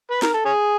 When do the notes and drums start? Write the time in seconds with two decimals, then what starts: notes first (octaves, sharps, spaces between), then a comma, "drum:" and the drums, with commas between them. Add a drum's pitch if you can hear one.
0.11 B4
0.22 A#4, drum: snare
0.34 A4
0.45 C#4 G#4